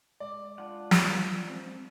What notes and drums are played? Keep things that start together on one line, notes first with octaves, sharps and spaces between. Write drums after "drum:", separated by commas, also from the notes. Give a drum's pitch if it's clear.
G#3 D5
D4 F4 F#5
drum: snare
C4